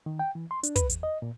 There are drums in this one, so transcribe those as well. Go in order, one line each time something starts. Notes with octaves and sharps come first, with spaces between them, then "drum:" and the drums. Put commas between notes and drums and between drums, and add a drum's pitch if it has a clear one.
D#3
G5
E3
C6
D4, drum: hi-hat
B4, drum: kick, hi-hat
E2, drum: hi-hat
D#5
A#2